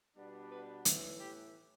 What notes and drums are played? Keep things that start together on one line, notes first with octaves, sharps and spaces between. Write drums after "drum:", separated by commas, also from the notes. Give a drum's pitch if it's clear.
B2 G3 B3 D4
B4
A2 E3 B3, drum: hi-hat
G4